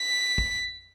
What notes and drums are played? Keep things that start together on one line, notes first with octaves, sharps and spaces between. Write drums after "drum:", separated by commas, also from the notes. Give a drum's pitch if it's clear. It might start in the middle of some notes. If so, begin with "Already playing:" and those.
Already playing: B6
drum: kick